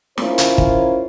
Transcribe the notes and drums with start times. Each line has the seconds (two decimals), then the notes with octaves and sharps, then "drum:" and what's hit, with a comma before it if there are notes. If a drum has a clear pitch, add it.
0.18 C#4 E4 F4 A#4 C5, drum: snare
0.38 drum: hi-hat
0.58 drum: kick